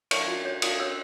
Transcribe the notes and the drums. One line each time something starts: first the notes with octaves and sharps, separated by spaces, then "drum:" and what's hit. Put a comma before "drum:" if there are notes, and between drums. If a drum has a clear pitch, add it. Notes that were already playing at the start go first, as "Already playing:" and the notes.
C#5 C#6, drum: cymbal
F#4
C#5
F#4 D#6, drum: cymbal
C#5 E6